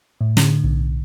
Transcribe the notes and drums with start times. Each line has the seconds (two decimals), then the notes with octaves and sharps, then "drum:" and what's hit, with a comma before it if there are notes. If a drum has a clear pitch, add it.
0.21 A2
0.37 D3, drum: snare
0.64 B1